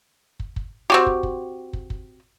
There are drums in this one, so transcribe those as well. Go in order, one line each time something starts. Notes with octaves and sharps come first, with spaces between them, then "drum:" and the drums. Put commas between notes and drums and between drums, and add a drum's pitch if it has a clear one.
drum: kick
drum: kick
C4 F#4 G4
drum: kick
drum: kick
drum: kick
drum: kick